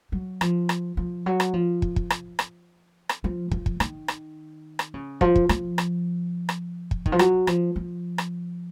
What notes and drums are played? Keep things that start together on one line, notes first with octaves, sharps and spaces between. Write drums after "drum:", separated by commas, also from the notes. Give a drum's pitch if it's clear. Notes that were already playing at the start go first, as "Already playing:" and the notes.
F#3
F3, drum: rim click
drum: rim click
F3
F#3
drum: rim click
F3
drum: kick
drum: kick
drum: rim click
drum: rim click
drum: rim click
F3
F3, drum: kick
drum: kick
D#3, drum: rim click
drum: rim click
drum: rim click
C#3
F3, drum: kick
drum: kick
F3, drum: rim click
drum: rim click
drum: rim click
drum: kick
D#3, drum: kick
F3
F#3, drum: rim click
F3, drum: rim click
F3
drum: rim click